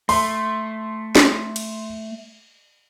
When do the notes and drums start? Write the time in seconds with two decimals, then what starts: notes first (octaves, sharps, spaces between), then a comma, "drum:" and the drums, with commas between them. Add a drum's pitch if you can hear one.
0.09 A3 C6, drum: open hi-hat
1.15 drum: snare
1.56 drum: cymbal